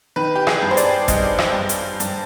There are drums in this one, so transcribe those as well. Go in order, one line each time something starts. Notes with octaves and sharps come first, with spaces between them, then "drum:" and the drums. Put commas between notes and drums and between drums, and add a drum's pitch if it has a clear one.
D#3 B4
G4
G#4, drum: rim click
G2
C5
D5, drum: hi-hat
G2 D#5, drum: kick G#1, hi-hat
drum: rim click
G2
drum: hi-hat
G2, drum: hi-hat